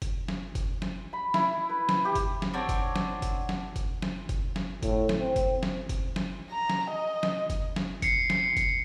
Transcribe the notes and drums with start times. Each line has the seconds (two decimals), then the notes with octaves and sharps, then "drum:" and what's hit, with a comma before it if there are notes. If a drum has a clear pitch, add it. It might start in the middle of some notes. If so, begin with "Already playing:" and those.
0.02 drum: kick F#1, hi-hat
0.28 drum: snare
0.55 drum: kick F#1, hi-hat
0.82 drum: snare
1.13 B5
1.34 E4, drum: snare
1.70 B4
1.89 drum: snare
2.05 G4
2.15 drum: kick F#1, hi-hat
2.42 drum: snare
2.54 C4 D4 F#4 C#5
2.69 drum: kick F#1, hi-hat
2.96 drum: snare
3.22 drum: kick F#1, hi-hat
3.49 drum: snare
3.76 drum: kick F#1, hi-hat
4.02 drum: snare
4.29 drum: kick F#1, hi-hat
4.56 drum: snare
4.83 A2, drum: kick F#1, hi-hat
5.09 drum: snare
5.20 C4
5.36 drum: kick F#1, hi-hat
5.63 drum: snare
5.89 drum: kick F#1, hi-hat
6.16 drum: snare
6.50 A#5
6.70 drum: snare
6.90 D#5
7.23 drum: snare
7.50 drum: kick F#1, hi-hat
7.76 drum: snare
8.02 C7 C#7, drum: kick F#1, hi-hat
8.30 drum: snare
8.57 drum: kick F#1, hi-hat